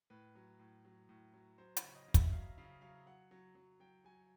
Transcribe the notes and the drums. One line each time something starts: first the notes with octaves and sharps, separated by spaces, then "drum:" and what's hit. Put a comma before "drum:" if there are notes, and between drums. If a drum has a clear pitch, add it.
A2 B4
F#3
A2
F#3
A2
F#3
F#3 C5
C#5, drum: hi-hat
C#3
D#5
C#3
E5, drum: kick, hi-hat
F#3 F5
C#3 F5
F#3 F5
F#3 F#5
F#3
F#3
F#3 G5
F#3 G#5